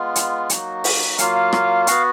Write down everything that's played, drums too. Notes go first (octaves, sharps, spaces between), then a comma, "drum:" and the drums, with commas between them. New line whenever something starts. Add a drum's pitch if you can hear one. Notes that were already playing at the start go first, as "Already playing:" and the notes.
Already playing: G#3 B3 F4
drum: hi-hat
F#3 A#3 D#4 F#4, drum: hi-hat
drum: open hi-hat
F#3 A#3 F4 F5, drum: hi-hat
F5
drum: rim click
B3 F#4 F5, drum: hi-hat